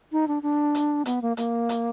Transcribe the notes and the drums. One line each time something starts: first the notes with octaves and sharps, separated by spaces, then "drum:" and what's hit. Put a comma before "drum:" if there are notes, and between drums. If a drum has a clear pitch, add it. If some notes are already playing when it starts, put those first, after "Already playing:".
D#4
D4
D4
drum: hi-hat
B3, drum: hi-hat
A#3
A#3, drum: hi-hat
drum: hi-hat